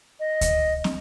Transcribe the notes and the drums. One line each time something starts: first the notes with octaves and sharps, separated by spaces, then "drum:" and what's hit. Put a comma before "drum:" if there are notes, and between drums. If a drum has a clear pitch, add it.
D#5
drum: kick D2, hi-hat
drum: snare